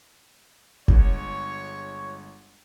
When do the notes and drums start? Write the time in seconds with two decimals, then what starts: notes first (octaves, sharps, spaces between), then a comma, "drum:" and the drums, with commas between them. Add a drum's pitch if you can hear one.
0.88 G1 G#3 C#5, drum: kick F#1